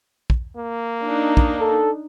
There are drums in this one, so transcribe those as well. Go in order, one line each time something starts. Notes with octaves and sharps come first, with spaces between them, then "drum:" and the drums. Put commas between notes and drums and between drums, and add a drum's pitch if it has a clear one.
drum: kick
A#3
D4 D#4
drum: kick
A4